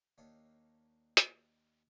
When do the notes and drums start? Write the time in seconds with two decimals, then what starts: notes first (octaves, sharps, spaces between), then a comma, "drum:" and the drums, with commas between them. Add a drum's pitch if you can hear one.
0.18 D#2 D4 D#4 C#5 F5 A5
1.17 drum: hi-hat